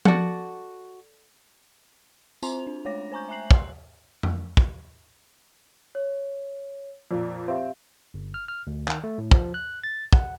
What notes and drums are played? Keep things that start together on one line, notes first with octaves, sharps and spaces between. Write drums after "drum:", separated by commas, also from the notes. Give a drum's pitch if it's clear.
F#4 A4 D5 F#5, drum: tom
C4 F4 C5 A#5 C6 F7, drum: tambourine
D4
G#3 A3 C#5 G5 D6 A#6
C5 G#5 A#5 C#6 G6
E5 G#5 A#5 F#6 C7 F#7
C6, drum: kick
drum: tom F2
drum: kick
C#5
F2 A#2 D5
C4 G4 E5 F5
G1
F6
F6
D2
D#3, drum: clap
A3
A2
F3, drum: kick
F#6
A6
F#5, drum: kick